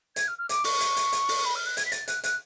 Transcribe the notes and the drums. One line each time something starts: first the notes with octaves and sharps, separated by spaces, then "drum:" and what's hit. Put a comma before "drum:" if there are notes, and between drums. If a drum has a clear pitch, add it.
G#6, drum: hi-hat
F6
F6
D6, drum: hi-hat
C#6, drum: open hi-hat
drum: hi-hat
drum: hi-hat
drum: hi-hat
drum: open hi-hat
B5
F6
F#6
G#6, drum: hi-hat
B6
A6, drum: hi-hat
F#6, drum: hi-hat
F#6, drum: hi-hat